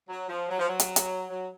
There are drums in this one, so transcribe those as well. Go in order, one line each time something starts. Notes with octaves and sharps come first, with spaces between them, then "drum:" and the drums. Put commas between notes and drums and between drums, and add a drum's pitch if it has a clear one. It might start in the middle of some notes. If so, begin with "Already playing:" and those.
F#3
F3
F#3
F3
F#3
drum: hi-hat
drum: hi-hat
F#3